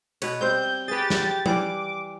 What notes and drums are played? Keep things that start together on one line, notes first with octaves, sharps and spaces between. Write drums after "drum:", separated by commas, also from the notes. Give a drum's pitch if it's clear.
B2 B4 C#5, drum: cymbal
G3 C4 C5 G6
G4 G#4 B4 A6
drum: snare
E3 G3 F#5 D6, drum: tom F3